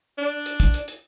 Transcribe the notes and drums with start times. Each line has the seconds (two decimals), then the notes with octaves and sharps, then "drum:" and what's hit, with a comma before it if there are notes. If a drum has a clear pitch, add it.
0.18 D4
0.46 drum: hi-hat
0.60 drum: kick, hi-hat
0.74 drum: hi-hat
0.88 drum: hi-hat